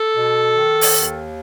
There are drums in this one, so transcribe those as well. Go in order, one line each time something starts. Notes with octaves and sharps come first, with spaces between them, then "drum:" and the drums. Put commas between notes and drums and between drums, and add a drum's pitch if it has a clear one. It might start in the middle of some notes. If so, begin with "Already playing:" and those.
Already playing: A4
B2
D#3
drum: open hi-hat
D#2